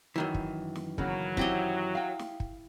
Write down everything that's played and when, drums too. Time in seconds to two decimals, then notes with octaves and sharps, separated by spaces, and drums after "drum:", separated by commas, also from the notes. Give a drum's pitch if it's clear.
0.16 F#2 D#3 E3
0.34 drum: kick
0.76 drum: snare
0.98 C#3 F#3 A#3 B3, drum: kick
1.37 C4 E4 G4 D#5, drum: kick
1.95 F5 G5
2.19 drum: snare
2.40 drum: kick